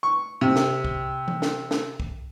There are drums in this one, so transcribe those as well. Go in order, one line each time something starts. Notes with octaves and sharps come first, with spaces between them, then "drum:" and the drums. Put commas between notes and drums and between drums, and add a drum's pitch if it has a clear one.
C#6
C3
drum: snare
drum: kick
drum: tom E3
drum: snare
drum: snare
drum: kick